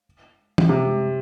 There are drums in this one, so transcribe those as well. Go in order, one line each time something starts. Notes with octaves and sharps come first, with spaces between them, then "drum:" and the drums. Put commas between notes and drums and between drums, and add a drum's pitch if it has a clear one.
drum: tom
C3